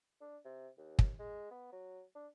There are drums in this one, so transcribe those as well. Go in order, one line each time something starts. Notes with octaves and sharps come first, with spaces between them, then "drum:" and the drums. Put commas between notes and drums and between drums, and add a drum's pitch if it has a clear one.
D4
C3
D#2
drum: kick
G#3
B3
F#3
D4